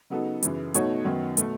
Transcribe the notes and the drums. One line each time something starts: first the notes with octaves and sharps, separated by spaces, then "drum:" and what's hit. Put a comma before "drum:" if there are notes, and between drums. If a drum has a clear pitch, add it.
C#3 F#3 B3 D#4 A4
F#2 C#3 E3, drum: hi-hat
B2 A3 D#4 F#4 C#5, drum: hi-hat
F#2 D#3 F#3 B3
B2 A3, drum: hi-hat